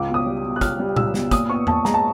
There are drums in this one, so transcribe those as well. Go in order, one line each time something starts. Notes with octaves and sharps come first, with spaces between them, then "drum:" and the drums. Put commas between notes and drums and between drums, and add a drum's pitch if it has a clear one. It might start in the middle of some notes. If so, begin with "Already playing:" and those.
Already playing: C#2 D6
B2
D#6
G3
B2
F#6
C#2 F6, drum: kick, hi-hat
G3
C#2 E6, drum: tom A#2
B2, drum: snare
A#2 D#6, drum: kick, hi-hat
B3 C#6
A#2 A5, drum: tom E2
G#3 A#5, drum: snare
A5